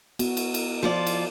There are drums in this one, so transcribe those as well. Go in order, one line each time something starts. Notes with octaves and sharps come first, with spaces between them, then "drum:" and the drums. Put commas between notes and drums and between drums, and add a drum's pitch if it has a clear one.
B3 F#4, drum: cymbal
drum: cymbal
drum: cymbal
F3 F4 D5
drum: cymbal